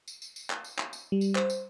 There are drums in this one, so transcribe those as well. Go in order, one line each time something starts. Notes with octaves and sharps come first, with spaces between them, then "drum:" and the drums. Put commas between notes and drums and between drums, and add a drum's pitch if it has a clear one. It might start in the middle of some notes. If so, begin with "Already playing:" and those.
drum: tambourine
drum: tambourine
drum: tambourine
drum: clap
drum: tambourine
drum: clap
drum: tambourine
G3
drum: tambourine
C5, drum: clap
drum: tambourine